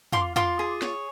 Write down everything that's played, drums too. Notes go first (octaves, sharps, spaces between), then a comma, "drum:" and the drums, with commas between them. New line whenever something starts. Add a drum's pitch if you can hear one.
F4 C6 D6, drum: tom
F4 C6 D6, drum: tom
G#4
C#5, drum: snare